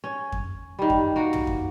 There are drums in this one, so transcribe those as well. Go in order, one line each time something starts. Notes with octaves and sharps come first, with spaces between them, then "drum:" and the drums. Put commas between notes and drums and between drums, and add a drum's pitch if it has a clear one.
C#4
drum: kick F2
D#3 G3
drum: kick F2
A#3 F#4
drum: tom
drum: kick F2